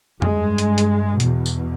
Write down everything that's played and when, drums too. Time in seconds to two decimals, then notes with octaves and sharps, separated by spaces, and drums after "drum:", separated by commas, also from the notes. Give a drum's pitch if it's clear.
0.22 G2 G#3, drum: tom F2
0.58 drum: hi-hat
0.78 drum: hi-hat
1.20 E2 B2, drum: hi-hat
1.46 drum: tambourine